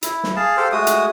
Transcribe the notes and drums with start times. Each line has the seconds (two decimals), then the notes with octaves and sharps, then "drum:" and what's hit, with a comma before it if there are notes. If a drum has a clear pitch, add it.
0.02 E4, drum: hi-hat
0.24 drum: snare
0.36 G#4 F5 A5
0.57 G4 A4 C5 F5
0.72 G#3 A3 F#4 D#6
0.87 drum: hi-hat